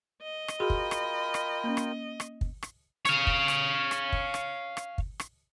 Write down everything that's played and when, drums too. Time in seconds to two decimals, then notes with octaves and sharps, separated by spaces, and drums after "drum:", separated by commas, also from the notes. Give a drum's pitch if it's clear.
0.22 D#5
0.48 drum: rim click
0.60 F4 F#4 G#4 A#4 G5 B5 C6
0.70 drum: kick
0.91 drum: rim click
1.34 drum: rim click
1.64 A#3 C#4
1.77 drum: rim click
2.20 drum: rim click
2.41 drum: kick
2.63 drum: rim click
3.05 C#5 F5, drum: rim click
3.27 drum: kick
3.48 drum: rim click
3.91 drum: rim click
4.12 drum: kick
4.34 drum: rim click
4.77 drum: rim click
4.98 drum: kick
5.20 drum: rim click